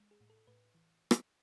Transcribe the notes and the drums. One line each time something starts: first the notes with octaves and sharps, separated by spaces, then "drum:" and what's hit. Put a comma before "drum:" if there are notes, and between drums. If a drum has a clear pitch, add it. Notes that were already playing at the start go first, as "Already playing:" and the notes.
Already playing: G#3
G#4
A2
A4
A2 B4
E3
drum: rim click